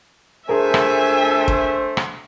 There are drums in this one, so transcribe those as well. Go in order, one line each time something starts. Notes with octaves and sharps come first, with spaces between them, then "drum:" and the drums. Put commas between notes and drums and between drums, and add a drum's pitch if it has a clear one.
F2 A3 D4 G#4 A#4 C5 E5 G#5
drum: rim click
drum: kick
drum: rim click